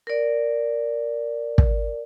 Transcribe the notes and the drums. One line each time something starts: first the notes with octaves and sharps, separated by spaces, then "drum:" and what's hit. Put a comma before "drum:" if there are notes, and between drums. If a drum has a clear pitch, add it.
A#4 D5
drum: kick